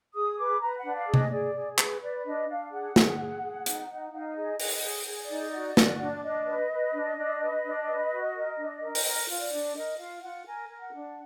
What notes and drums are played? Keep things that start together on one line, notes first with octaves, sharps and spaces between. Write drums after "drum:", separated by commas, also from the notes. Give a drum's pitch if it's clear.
G#4 D#6
B4 D6
B4 A#5
F#5
D4
F5
G#4
D#5, drum: tom C3
G#4 D5
G#4
B4, drum: clap
B4 D5
D4 D#5
D4 F5
G#4 F#5
G#4, drum: snare
G#4
G#4
D#4, drum: hi-hat
D#4
D#4 F5
G#4 D#5
G#4 D#5, drum: open hi-hat
G#4
G#4
D5
D#4
F#4
F#4, drum: snare
D4
D4 D#5
B4
B4
D4
D4
B4
D4
B4
F#4
A#4
D4
A#4
drum: open hi-hat
A#4
F4
D5
D4
A#4 D#5
F4 F5
F4 F#5
A#4 G#5
A#4
F#5
D4